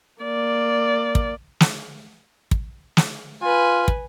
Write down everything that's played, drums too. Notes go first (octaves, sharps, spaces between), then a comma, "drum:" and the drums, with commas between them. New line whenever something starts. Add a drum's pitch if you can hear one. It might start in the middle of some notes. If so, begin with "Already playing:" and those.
A#3 D5
drum: kick
drum: snare
drum: kick
drum: snare
F4 B4 G#5
drum: kick